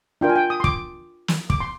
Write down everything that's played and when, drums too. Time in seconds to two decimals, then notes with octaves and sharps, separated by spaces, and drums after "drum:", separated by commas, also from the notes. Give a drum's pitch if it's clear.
0.21 D4 F4 A#4 G5
0.29 G#5
0.36 G5
0.50 D#6
0.60 C6
0.64 D6, drum: kick
1.28 drum: snare
1.50 D6, drum: kick
1.60 C6